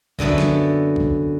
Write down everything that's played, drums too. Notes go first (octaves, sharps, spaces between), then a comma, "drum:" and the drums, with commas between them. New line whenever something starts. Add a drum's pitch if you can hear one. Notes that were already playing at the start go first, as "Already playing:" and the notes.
F#2 D3 B3 A4 E5, drum: kick
drum: snare
drum: kick